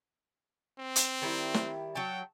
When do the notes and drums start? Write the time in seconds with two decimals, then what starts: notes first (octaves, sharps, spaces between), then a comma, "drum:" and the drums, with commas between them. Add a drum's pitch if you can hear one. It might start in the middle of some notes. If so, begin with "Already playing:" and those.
0.79 C4
0.96 drum: hi-hat
1.22 D#3 G3 E4
1.54 drum: snare
1.95 F#3 G5 A5